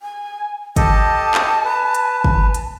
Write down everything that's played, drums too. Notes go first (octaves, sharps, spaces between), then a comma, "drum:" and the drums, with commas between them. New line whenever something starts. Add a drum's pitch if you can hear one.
G#5
G4 A4 D#5 A5, drum: kick, hi-hat
drum: clap
B4
drum: hi-hat
drum: kick
drum: hi-hat